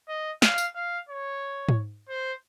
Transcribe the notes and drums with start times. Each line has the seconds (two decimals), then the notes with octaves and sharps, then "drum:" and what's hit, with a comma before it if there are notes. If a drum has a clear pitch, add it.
0.08 D#5
0.42 F5, drum: snare
0.58 drum: tambourine
0.75 F5
1.09 C#5
1.69 drum: tom G#2
2.09 C5